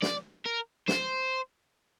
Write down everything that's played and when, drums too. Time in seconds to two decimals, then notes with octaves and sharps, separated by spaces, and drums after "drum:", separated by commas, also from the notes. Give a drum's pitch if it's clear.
0.02 D5, drum: snare
0.45 A#4
0.88 C5, drum: snare